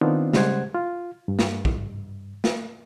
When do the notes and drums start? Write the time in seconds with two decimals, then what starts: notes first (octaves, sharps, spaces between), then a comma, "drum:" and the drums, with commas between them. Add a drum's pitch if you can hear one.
0.01 D#3 B3 C4 D4 D#4 F4
0.33 C#3 G3 G#3 C5 F#5 G#6, drum: snare
0.74 F4
1.28 G2
1.39 drum: snare
1.65 drum: kick
2.44 drum: snare